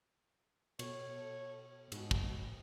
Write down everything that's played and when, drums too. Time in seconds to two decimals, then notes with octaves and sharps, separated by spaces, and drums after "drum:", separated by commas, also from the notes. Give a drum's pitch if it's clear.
0.79 B2 A4 C#5, drum: cymbal
1.92 G#2 B2, drum: cymbal
2.11 drum: kick